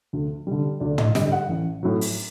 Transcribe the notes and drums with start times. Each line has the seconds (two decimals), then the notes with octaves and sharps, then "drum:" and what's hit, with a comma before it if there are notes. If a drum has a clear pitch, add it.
0.13 D2
0.47 D3 G3
0.80 D2 D5
0.98 D#5, drum: tom
1.15 D3 G3 D#5, drum: snare
1.32 F#5
1.49 A1
1.83 A2 F#3
2.01 drum: open hi-hat